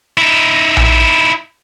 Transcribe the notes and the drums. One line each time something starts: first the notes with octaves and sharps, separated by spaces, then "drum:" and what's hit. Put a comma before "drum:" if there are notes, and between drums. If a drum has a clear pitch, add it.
D#4 E4
drum: tom A#1